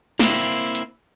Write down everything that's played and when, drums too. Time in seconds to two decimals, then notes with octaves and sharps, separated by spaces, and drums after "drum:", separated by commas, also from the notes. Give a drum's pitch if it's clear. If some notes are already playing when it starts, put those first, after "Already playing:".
0.19 A#3 C4 E4, drum: snare
0.75 drum: hi-hat